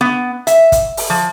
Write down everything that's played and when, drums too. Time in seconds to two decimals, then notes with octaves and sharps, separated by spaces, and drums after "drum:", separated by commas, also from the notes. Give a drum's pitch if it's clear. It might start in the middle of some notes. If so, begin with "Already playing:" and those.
0.01 B3
0.47 E5, drum: hi-hat
0.72 drum: kick, hi-hat
0.97 drum: open hi-hat
1.10 F3